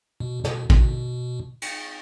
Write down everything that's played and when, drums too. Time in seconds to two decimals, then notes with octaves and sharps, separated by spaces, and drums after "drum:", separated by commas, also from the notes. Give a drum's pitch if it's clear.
0.20 B2
0.45 B2, drum: snare
0.70 B2, drum: kick
1.62 drum: cymbal